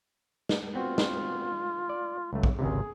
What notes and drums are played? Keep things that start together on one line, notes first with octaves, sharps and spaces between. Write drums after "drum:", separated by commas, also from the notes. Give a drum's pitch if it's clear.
drum: snare
B3 C4 F4 F#4
drum: snare
D5
C#2 F#3 A3
drum: kick A#1
G#1 C#2 C3 G#4